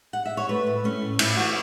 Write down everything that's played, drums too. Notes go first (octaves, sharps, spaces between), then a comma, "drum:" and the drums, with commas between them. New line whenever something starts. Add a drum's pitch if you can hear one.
F#5
E5
C#5
A3 B4
A2
A3 C#4
A2
A2 E4, drum: cymbal
E3 F#4